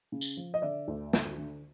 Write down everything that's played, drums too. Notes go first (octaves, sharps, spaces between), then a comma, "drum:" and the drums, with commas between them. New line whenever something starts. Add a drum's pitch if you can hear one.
C#3
drum: tambourine
F3
D#5
D3 D5 E5
D2
D3, drum: snare
D3